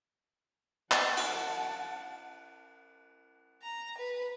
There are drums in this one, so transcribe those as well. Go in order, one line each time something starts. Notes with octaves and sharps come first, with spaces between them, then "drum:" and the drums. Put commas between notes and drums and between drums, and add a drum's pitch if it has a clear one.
F#5 A5, drum: clap
drum: cymbal
A#5
B4